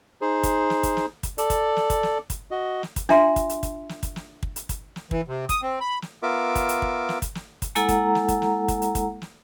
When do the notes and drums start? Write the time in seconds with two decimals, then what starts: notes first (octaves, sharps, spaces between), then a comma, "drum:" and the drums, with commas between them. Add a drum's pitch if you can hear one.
0.21 D#4 G#4 C5
0.43 drum: kick, hi-hat
0.70 drum: snare
0.83 drum: kick, hi-hat
0.97 drum: snare
1.23 drum: kick, hi-hat
1.38 A4 D5, drum: hi-hat
1.50 drum: kick, hi-hat
1.76 drum: snare
1.90 drum: kick, hi-hat
2.03 drum: snare
2.30 drum: kick, hi-hat
2.51 F#4 D#5
2.83 drum: snare
2.96 drum: kick, hi-hat
3.09 D4 F4 E5 A#5 C6, drum: snare
3.36 drum: kick, hi-hat
3.49 drum: hi-hat
3.63 drum: kick, hi-hat
3.89 drum: snare
4.03 drum: kick, hi-hat
4.16 drum: snare
4.43 drum: kick
4.56 drum: hi-hat
4.69 drum: kick, hi-hat
4.96 drum: snare
5.11 E3, drum: kick
5.28 C3
5.49 D#6, drum: kick, hi-hat
5.62 C4
5.81 B5
6.02 drum: snare
6.23 B3 F4 A#4 E5 D6
6.55 drum: kick, hi-hat
6.69 drum: hi-hat
6.82 drum: kick
7.09 drum: snare
7.22 drum: kick, hi-hat
7.35 drum: snare
7.62 drum: kick, hi-hat
7.75 G#3 A#3 E4 A4 F#5 A#5, drum: hi-hat
7.89 drum: kick, hi-hat
8.15 drum: snare
8.28 drum: kick, hi-hat
8.42 drum: snare
8.68 drum: kick, hi-hat
8.82 drum: hi-hat
8.95 drum: kick, hi-hat
9.22 drum: snare